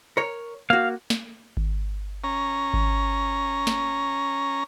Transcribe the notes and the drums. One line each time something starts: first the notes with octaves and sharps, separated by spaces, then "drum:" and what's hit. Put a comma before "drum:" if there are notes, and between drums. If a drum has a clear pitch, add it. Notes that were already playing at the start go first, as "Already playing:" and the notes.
A#4 C#5
A#3 F#4 F5
drum: snare
drum: kick G#1
C#4 A#5
drum: kick G#1
drum: snare